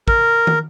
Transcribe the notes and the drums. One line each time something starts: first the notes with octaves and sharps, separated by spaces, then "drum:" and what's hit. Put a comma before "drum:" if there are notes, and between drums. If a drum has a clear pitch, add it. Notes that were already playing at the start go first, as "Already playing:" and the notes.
A#4, drum: kick
drum: tom